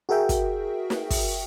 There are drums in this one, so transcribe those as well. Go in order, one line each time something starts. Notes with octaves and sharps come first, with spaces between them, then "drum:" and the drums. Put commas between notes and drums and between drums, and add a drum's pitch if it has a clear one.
F#4 G#4 A#4 E5 G5
drum: kick, hi-hat
drum: snare
drum: kick, open hi-hat